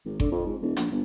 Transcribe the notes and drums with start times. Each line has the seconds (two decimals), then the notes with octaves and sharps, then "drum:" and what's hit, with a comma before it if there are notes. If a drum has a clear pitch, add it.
0.05 G#1
0.20 D3, drum: kick G1
0.31 F2
0.46 G#2
0.61 E1
0.76 A#1, drum: hi-hat
0.90 G1